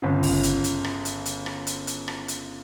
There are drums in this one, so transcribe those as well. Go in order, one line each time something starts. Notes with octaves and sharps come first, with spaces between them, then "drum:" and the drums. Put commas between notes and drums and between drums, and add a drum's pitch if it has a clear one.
G1 C#3
drum: kick, open hi-hat
drum: hi-hat
drum: hi-hat
drum: rim click
drum: hi-hat
drum: hi-hat
drum: rim click
drum: hi-hat
drum: hi-hat
drum: rim click
drum: hi-hat